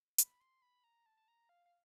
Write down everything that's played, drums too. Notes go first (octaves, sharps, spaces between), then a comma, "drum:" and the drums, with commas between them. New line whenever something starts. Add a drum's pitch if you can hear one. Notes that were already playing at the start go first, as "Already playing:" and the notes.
B5, drum: hi-hat
C6
B5
A#5
A5
A5
A#5
F5
F5